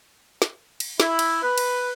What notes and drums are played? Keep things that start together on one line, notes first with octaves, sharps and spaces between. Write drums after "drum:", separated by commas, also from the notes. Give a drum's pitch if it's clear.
drum: snare
drum: cymbal
E4, drum: snare
drum: cymbal
B4
drum: cymbal